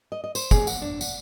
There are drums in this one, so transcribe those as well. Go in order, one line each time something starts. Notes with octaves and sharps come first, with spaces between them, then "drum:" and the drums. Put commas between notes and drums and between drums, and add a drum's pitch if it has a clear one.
D#5
D#5
C5, drum: tambourine
G#4, drum: kick, tambourine
F#5, drum: tambourine
D4
F#5, drum: tambourine